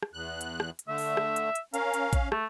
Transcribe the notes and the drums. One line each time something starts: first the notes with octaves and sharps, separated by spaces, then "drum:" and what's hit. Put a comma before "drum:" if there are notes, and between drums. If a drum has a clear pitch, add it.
drum: rim click
E2 F#6
drum: hi-hat
drum: rim click
drum: hi-hat
D3 A3 E5
drum: open hi-hat
drum: rim click
drum: hi-hat
drum: hi-hat
C#4 A#4 F5, drum: hi-hat
drum: hi-hat
drum: kick, hi-hat
A3, drum: rim click